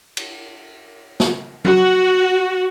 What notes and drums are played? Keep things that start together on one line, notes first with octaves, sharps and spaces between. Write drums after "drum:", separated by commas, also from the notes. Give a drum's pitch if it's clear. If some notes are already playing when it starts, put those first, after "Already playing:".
drum: cymbal
drum: snare
F#4, drum: tom F#3